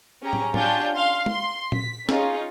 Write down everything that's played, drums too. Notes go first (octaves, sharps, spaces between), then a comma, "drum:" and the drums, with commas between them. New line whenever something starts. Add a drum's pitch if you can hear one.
C#4 G4 G#4 A#5
drum: tom
C#4 D4 F4 G4 A5 G6, drum: tom
F5 C6
C6, drum: tom G#3
B6, drum: tom A#2
C#4 D#4 F4 G#4, drum: snare